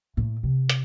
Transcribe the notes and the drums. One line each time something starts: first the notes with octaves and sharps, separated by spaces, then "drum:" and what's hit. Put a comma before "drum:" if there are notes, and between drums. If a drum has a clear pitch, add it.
A2
C3
drum: hi-hat